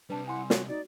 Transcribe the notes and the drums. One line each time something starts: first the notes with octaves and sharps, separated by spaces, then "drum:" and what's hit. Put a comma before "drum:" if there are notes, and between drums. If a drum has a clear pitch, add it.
C3 G3 D4 B4 A5
E4 F#5 G#5 C6
F#4 C#5, drum: snare
D#4 F#4 D5